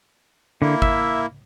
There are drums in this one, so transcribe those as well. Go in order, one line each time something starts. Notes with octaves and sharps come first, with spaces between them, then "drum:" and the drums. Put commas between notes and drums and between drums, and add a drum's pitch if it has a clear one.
D3 A#3 E4
E5, drum: kick G#1